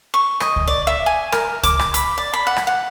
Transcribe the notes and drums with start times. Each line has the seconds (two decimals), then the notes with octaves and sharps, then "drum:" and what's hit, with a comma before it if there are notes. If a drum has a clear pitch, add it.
0.14 C#6
0.40 D#5, drum: rim click
0.56 drum: kick C#2
0.68 D5
0.87 E5
1.06 G#5
1.32 A#4, drum: rim click
1.63 D6, drum: kick C#2, hi-hat
1.79 drum: rim click
1.94 B5, drum: hi-hat
2.18 D5
2.33 B5
2.47 F#5
2.56 drum: rim click
2.67 F#5